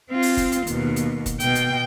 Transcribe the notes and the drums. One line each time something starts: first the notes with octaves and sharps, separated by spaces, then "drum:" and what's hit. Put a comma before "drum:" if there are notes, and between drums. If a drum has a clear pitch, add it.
C4 F4
drum: open hi-hat
drum: kick F1, hi-hat
drum: hi-hat
D#2 B2, drum: hi-hat
drum: hi-hat
drum: kick F1, hi-hat
B2 G5, drum: hi-hat
drum: hi-hat